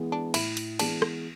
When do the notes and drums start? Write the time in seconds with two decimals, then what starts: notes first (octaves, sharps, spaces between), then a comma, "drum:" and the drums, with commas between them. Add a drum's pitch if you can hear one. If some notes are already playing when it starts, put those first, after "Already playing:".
Already playing: E3 G#3 B3
0.12 D4
0.34 A2 E4, drum: cymbal
0.57 drum: cymbal
0.79 E3 G#3 B3 D4, drum: cymbal
1.02 drum: rim click